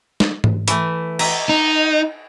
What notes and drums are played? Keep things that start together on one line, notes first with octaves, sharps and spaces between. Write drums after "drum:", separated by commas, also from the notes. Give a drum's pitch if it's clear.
drum: snare
drum: tom G#2
E3 A3, drum: hi-hat
D#5 E5 A#5, drum: cymbal
D#4